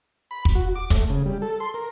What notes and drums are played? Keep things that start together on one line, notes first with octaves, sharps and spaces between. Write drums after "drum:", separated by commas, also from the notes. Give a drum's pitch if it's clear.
B5
drum: kick
F#4
D6
A3, drum: kick, hi-hat
C#3
G3
A4
C6
A#4